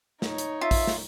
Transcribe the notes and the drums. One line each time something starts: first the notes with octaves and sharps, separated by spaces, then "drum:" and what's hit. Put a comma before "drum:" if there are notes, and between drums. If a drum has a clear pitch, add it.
D#4 C#5, drum: snare
drum: hi-hat
F4 E5
drum: kick, open hi-hat
drum: snare